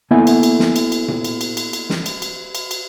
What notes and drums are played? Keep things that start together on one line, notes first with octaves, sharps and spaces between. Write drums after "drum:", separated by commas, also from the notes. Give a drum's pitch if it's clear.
A#3 B3 E4 A4 E5 G#5
drum: cymbal
drum: cymbal
drum: snare
drum: cymbal
drum: cymbal
drum: tom A#2
drum: cymbal
drum: cymbal
drum: cymbal
drum: cymbal
drum: snare
drum: cymbal
drum: cymbal
drum: cymbal
drum: cymbal